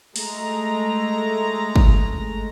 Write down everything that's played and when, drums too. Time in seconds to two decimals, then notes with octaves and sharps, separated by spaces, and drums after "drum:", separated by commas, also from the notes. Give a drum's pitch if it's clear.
0.16 G#3 A3 A#5, drum: open hi-hat
1.76 drum: kick